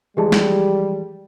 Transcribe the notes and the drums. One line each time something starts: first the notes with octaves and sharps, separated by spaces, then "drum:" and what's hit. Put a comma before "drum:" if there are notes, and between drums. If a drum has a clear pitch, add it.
E3 F3 G3 G#3 G4 G#4 A5
drum: snare